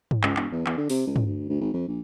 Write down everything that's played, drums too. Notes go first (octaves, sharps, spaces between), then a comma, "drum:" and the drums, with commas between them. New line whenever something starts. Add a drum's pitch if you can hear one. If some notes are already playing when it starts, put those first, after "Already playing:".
drum: tom
C#2, drum: clap
E1, drum: clap
E2
E2, drum: clap
D3
C3, drum: open hi-hat
C#2
drum: tom
D2
D2
G#1
F2
A#1